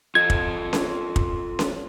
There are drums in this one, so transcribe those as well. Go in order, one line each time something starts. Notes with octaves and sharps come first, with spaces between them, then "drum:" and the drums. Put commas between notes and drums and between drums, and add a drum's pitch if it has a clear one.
F4 A4 D#5 G#6
drum: kick
drum: snare C#4
drum: kick
drum: snare C#4